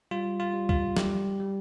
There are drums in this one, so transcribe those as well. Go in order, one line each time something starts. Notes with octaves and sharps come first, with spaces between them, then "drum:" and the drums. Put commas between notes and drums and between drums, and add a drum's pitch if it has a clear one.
G3 F4
F4
G3
F4, drum: kick
G3 G4, drum: snare
G3